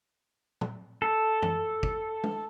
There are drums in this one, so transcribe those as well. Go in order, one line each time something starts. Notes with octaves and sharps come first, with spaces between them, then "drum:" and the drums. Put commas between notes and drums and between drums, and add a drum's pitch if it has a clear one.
drum: tom
A4
drum: tom F#2
drum: kick
drum: tom